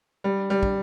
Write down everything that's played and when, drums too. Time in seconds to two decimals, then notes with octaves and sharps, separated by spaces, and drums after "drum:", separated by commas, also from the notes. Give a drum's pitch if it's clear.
0.24 G3
0.50 G3
0.63 drum: kick